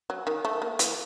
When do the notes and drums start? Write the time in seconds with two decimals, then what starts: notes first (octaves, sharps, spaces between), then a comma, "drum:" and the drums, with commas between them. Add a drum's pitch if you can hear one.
0.10 F#3
0.27 D#3
0.45 A3
0.62 A#3
0.79 E3, drum: hi-hat